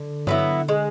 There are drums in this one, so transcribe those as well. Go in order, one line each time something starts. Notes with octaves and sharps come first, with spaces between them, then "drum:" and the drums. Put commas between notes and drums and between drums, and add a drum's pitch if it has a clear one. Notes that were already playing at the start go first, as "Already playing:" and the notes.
Already playing: D3
F#3 B3 E4, drum: tom G2
G#3